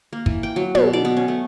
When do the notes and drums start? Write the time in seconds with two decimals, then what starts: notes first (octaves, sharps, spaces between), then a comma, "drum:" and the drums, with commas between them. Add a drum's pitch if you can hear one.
0.13 A#3
0.26 E3, drum: kick
0.43 G5
0.56 F#3
0.75 B2, drum: tom
0.93 D5
1.05 B3
1.17 C#4
1.28 A3